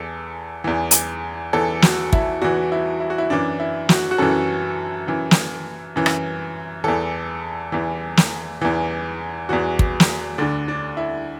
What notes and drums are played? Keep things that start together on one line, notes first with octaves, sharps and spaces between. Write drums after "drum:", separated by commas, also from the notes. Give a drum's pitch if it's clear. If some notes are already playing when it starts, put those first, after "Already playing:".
Already playing: E2 E3 A4
E2 E3
drum: hi-hat
E2 E3 A4
F#4, drum: snare
E4, drum: kick
E2 E3 F#4
E4
E4
F#4
E4
F#2 E3 D4
E4
F#4, drum: snare
F#4
F#2 E3 A4
F#2 E3
drum: snare
F#2 E3
drum: rim click
E2 E3 A4
E2 E3
drum: snare
E2 E3
E2 E3 F#4
drum: kick
drum: snare
D2 D3 D4
D4
E4